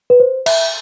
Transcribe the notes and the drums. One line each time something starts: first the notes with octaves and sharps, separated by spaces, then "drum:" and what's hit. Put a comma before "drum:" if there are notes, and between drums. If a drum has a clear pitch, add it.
B4
C5
E5, drum: cymbal